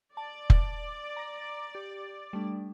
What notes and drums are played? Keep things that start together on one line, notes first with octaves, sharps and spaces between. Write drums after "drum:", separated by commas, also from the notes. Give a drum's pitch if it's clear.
D5 A5
drum: kick F1
A#5 A#6
G4
G3 A3 D4